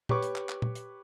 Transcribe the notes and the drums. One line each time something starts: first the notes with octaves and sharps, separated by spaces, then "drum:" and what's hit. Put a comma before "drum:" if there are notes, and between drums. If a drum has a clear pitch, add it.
G4 B4 C#5 C#6 D6, drum: tom A#2
drum: hi-hat
drum: clap
drum: clap
drum: tom A#2
drum: hi-hat